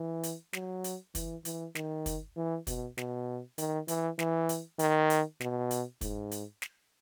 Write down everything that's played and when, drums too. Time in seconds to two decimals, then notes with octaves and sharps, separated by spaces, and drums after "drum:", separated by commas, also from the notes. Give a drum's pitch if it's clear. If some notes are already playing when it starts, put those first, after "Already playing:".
Already playing: E3
0.23 drum: hi-hat
0.53 F#3, drum: snare
0.84 drum: hi-hat
1.15 E3, drum: kick, hi-hat
1.45 E3, drum: hi-hat
1.75 D#3, drum: snare
2.06 drum: kick, hi-hat
2.36 E3
2.67 B2, drum: kick, hi-hat
2.98 B2, drum: snare
3.58 D#3, drum: hi-hat
3.88 E3, drum: hi-hat
4.19 E3, drum: snare
4.49 drum: hi-hat
4.79 D#3, drum: hi-hat
5.10 drum: hi-hat
5.40 B2, drum: snare
5.71 drum: hi-hat
6.01 G#2, drum: kick, hi-hat
6.31 drum: hi-hat
6.62 drum: snare